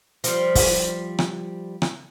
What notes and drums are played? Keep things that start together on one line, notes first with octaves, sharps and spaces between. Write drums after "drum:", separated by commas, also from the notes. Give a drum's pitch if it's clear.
F3 G3, drum: hi-hat
drum: kick, open hi-hat
drum: rim click
drum: rim click